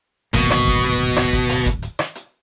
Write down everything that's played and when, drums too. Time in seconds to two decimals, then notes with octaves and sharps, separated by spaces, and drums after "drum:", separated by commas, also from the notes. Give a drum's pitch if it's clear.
0.34 D1 G#1 B2 A#3, drum: kick G1, hi-hat
0.50 drum: rim click
0.67 drum: kick G1
0.83 drum: hi-hat
1.16 drum: rim click
1.33 drum: kick G1, hi-hat
1.49 drum: open hi-hat
1.66 drum: kick G1, hi-hat
1.82 drum: hi-hat
1.99 drum: rim click
2.15 drum: hi-hat